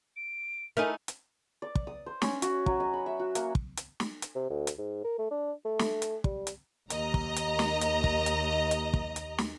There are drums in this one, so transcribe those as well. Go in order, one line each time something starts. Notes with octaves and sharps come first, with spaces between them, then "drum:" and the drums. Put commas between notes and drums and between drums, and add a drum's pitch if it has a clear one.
D7
A3 D#4 E4 A#4 E5 G#5
drum: hi-hat
D5
drum: kick
D#6
C5
C#4, drum: snare
F#4, drum: hi-hat
F#3, drum: kick
D#5
B5
E5
F#4
A#3, drum: hi-hat
drum: kick
drum: hi-hat
drum: snare
drum: hi-hat
C3
D2
drum: hi-hat
G#2
A#4
A3
D4
A3
drum: snare
drum: hi-hat
G3, drum: kick
drum: hi-hat
D#2 D#5 A#5, drum: hi-hat
drum: kick
drum: hi-hat
drum: snare
drum: hi-hat
drum: kick
drum: hi-hat
drum: hi-hat
drum: kick
drum: hi-hat
drum: snare